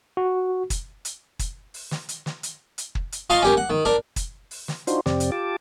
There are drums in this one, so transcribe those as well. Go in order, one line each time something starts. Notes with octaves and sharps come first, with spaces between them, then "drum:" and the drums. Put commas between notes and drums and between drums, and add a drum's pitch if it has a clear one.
F#4
drum: kick, hi-hat
drum: hi-hat
drum: kick, hi-hat
drum: open hi-hat
drum: snare
drum: hi-hat
drum: snare
drum: hi-hat
drum: hi-hat
drum: kick
drum: hi-hat
F4 D#5 F5 A5 C6 C#6
C#4 G4 A#4
F#5
D#3
D4 A#4
drum: kick, hi-hat
drum: open hi-hat
drum: snare
D4 D#4 F4 F#4 C5, drum: hi-hat
F2 C3 C4 G4 D5, drum: snare
drum: hi-hat
F4 G4 A5 D6